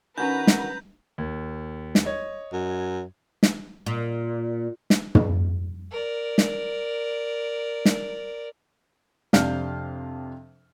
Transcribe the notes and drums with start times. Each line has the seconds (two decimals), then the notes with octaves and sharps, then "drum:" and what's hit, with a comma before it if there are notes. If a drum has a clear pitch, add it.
0.18 D#3 C#4 D4 F#4 B4 A#5 G6
0.47 drum: snare
1.18 D#2
1.95 drum: snare
2.05 C#5 D#5
2.53 F#2
3.43 drum: snare
3.86 A#2
4.90 drum: snare
5.15 drum: tom
5.91 A#4 D5
6.38 drum: snare
7.85 drum: snare
9.33 F2 C3 D4 F5 F6 G6, drum: snare